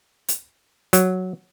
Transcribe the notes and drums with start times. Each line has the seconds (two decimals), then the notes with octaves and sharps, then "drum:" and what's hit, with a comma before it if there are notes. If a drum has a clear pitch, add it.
0.28 drum: hi-hat
0.93 F#3, drum: hi-hat